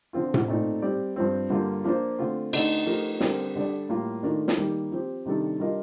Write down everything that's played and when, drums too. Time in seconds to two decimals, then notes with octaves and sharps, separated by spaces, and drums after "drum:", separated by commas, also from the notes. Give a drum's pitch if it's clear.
0.13 D3 F3 C4 F4
0.34 drum: tom A2
0.48 A#2 A3 C4 D#4
0.82 G3 C4 G4 D5
1.16 G2 F3 C4
1.50 G2 D3 G3 A#3 F4
1.84 F3 A#3 D4 F4 C5
2.19 D3 A3 C4 F4
2.53 D3 A3 D#4 A4 D5, drum: cymbal
2.86 F3 A3 D#4 G4 A#4
3.20 D3 G3 C4 G4 A#4, drum: snare
3.55 D3 G3 D4 A4 D5
3.89 A2 G3 A#3 F4 A#4
4.23 D#3 A3 D4 F4 A#4
4.48 drum: snare
4.58 D#3 G3 A#3
4.92 F3 C4 G4
5.25 C3 D#3 G3 D4 A4
5.60 G3 D4 F4 A#4 D#5